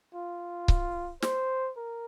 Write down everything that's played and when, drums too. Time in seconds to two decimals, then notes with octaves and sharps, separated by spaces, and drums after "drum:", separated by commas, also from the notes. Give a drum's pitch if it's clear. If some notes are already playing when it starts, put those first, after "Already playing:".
0.14 F4
0.68 drum: kick C#1
1.22 C5, drum: snare
1.77 A#4